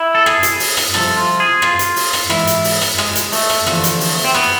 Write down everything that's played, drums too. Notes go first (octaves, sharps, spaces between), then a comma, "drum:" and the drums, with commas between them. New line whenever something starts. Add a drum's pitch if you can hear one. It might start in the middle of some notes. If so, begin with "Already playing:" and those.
Already playing: E4
A4
G#4, drum: rim click
drum: hi-hat
drum: open hi-hat
drum: rim click
C2 C3 F3 A4, drum: rim click
F4
G#4
F4, drum: rim click
drum: hi-hat
drum: open hi-hat
drum: rim click
G#2 E3 E4, drum: rim click
drum: hi-hat
drum: open hi-hat
drum: rim click
G#3, drum: rim click
drum: hi-hat
A3, drum: open hi-hat
drum: rim click
E2 D3 F3, drum: rim click
drum: hi-hat
drum: open hi-hat
C4
B3, drum: rim click